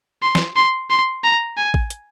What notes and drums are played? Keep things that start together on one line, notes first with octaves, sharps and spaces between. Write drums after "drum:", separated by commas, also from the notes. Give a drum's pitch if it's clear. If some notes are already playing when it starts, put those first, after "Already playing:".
C6
drum: snare
C6
C6
A#5
G#5
drum: kick
drum: hi-hat